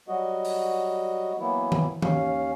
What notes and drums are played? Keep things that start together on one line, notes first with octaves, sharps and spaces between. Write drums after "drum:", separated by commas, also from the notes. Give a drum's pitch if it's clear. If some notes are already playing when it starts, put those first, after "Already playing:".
F#3 G3 F#4 D#5
drum: open hi-hat
E3 F#3 A#3 B3 E4
drum: tom D#3
D#2 C#4 F5, drum: tom D#3